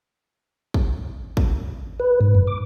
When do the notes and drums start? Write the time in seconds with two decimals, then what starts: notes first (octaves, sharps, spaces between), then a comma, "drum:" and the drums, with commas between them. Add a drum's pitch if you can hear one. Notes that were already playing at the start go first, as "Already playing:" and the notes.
0.74 drum: kick
1.37 drum: kick
2.00 B4
2.21 G#2
2.35 F#2
2.47 D6